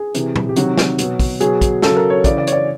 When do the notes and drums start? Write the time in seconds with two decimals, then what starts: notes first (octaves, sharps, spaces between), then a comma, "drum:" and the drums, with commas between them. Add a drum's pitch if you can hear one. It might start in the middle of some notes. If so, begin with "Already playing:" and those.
Already playing: G#4
0.15 C3 E3, drum: hi-hat
0.36 drum: tom
0.49 G4
0.56 C3 D#3 F#3 F#4, drum: hi-hat
0.78 drum: snare
0.98 B2 F#3, drum: hi-hat
1.20 drum: kick, open hi-hat
1.41 B2 F#3 G#4, drum: hi-hat
1.61 drum: kick, hi-hat
1.82 C#3 F#3 A4, drum: snare
1.96 A#4
2.10 C#5
2.24 C#3 E3 D5, drum: kick, hi-hat
2.38 D5
2.47 C#5, drum: hi-hat
2.52 D5